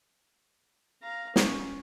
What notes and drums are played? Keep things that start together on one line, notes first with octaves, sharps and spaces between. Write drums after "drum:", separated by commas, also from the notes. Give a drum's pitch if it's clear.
F5 A#5
C#4, drum: snare